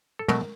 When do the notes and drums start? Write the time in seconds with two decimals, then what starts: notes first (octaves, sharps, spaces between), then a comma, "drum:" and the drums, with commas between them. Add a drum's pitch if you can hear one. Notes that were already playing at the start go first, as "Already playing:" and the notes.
0.19 A4
0.28 B2 F#3 A3 A#4, drum: tom